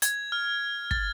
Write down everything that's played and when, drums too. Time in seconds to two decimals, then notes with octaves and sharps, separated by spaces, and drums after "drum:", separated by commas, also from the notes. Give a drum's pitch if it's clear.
0.02 G#6, drum: hi-hat
0.32 F6
0.91 A6, drum: kick